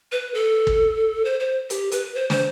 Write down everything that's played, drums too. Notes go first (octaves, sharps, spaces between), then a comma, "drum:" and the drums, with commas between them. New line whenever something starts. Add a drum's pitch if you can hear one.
B4
A4
drum: kick
C5
C5
G4, drum: hi-hat
B4, drum: hi-hat
C5
C5, drum: snare